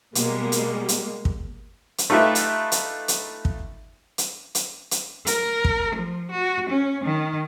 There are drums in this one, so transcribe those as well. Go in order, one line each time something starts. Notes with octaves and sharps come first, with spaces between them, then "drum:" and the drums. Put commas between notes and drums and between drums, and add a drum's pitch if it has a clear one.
B2 G3 G#3 A#3, drum: hi-hat
drum: hi-hat
drum: hi-hat
drum: kick
drum: hi-hat
A3 D#4 F4 G4 B4 E5
drum: hi-hat
drum: hi-hat
drum: hi-hat
drum: kick
drum: hi-hat
drum: hi-hat
drum: hi-hat
A#4, drum: hi-hat
drum: kick
F3
F#4
C#4
D#3